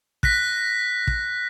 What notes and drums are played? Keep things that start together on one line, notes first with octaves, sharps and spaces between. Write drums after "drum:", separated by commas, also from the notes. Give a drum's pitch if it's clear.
F#6 A#6 B6, drum: kick
drum: kick